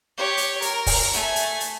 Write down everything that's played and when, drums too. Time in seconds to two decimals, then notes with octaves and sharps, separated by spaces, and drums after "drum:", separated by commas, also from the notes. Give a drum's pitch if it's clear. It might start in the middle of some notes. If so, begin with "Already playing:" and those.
0.17 G4 C#5
0.37 drum: hi-hat
0.62 A#4, drum: hi-hat
0.86 drum: kick, open hi-hat
1.13 A3 G#5, drum: hi-hat
1.36 drum: hi-hat
1.60 drum: hi-hat